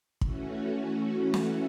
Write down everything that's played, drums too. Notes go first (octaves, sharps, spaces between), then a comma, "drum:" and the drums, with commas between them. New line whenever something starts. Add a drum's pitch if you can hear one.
E3 A3 C#4 F#4, drum: kick
drum: snare